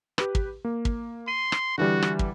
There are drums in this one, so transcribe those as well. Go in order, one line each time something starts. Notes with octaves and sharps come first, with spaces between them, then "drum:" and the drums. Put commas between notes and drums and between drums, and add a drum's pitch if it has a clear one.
G4 B4, drum: rim click
drum: kick
A#3
drum: kick
C6 D#7
drum: rim click
D3 E3 G3 F#4
drum: rim click
drum: kick